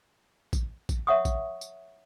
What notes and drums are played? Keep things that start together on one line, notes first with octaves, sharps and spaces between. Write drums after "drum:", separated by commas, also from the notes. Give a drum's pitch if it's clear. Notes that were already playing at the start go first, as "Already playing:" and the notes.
drum: kick, tambourine
drum: kick, tambourine
C#5 E5 F#5 C#6 D#6
drum: kick, tambourine
drum: tambourine